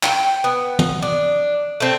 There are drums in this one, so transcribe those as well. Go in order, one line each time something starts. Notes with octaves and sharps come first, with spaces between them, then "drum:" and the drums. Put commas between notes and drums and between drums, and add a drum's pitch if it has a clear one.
G5, drum: clap
B3
drum: tom
D4
A3 C4